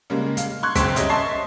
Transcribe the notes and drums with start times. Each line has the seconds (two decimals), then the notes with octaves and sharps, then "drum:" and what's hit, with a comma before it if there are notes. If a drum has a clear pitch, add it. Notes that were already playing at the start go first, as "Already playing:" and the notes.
0.10 C#3 G3 G#3 A#3
0.37 F5, drum: hi-hat
0.63 C6 C#6 F#6 G#6
0.75 C#2 F#2 C4 C6 B6 D7, drum: kick, hi-hat
0.96 G3 C#4 D#5 E5, drum: hi-hat
1.09 D#5 E5 A5 C6 C#6 C7